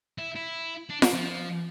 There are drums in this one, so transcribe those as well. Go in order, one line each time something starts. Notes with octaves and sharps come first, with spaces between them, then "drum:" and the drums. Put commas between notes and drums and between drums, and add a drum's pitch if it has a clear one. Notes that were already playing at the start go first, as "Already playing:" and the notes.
E4
E4
D4
A#3, drum: snare F4
F3